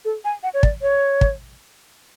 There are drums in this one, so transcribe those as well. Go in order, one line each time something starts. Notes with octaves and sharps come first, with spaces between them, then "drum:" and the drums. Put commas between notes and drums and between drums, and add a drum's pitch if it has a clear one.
A4
G#5
F#5
C#5
D5, drum: kick
C#5
drum: kick